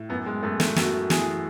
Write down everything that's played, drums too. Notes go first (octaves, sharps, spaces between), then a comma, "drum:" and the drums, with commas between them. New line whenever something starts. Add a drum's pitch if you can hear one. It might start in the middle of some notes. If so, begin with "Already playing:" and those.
Already playing: A2
F#2 B3
G#3
F#2 A3
A3, drum: snare
F#2 F#4, drum: snare
E3 G#4, drum: snare